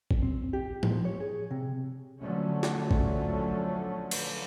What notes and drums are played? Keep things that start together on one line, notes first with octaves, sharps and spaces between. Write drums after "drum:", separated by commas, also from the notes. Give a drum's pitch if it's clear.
drum: kick G#1
C4
G4
F3, drum: tom A2
C#5
G#4
C3
D3 F3 F#3 A3 C#4
drum: snare
drum: kick G#1
drum: cymbal